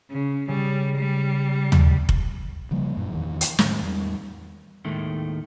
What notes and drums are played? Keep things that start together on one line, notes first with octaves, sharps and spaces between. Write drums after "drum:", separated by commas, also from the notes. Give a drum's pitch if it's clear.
C#3
C#3 G3
G3
drum: tom
drum: kick F1
C#3 F3 G3 A#3
F#2 A#2
E2 D#3 E3
drum: hi-hat
A2 D#3 G#3, drum: snare
E2 G3
D#2 A2 D#3 G#3 A3